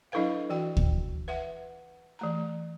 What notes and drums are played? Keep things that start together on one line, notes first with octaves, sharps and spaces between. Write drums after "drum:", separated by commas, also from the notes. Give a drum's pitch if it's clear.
F#3 D4 E4 A4 B4 F5
E3 F#4 G5
drum: kick
B4 E5 F#5
E3 A3 A#5